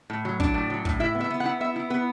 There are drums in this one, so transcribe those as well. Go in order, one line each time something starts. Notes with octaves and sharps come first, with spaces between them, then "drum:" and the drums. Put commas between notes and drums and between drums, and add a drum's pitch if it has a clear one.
A2
F#3
D4, drum: kick
A2
F#3
A2, drum: kick
E4 E5
B3
E5
B3
F#5
E4
B3 E5
E4
B3 B4